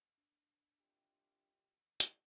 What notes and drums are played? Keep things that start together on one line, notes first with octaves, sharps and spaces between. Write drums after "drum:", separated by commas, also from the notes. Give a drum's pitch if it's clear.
D4
C2 F4 G4
drum: hi-hat